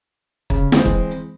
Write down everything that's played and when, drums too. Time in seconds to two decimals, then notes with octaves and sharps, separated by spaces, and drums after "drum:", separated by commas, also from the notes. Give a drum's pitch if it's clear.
0.50 C#3, drum: kick
0.72 E3 G#3 C4, drum: snare
0.86 drum: kick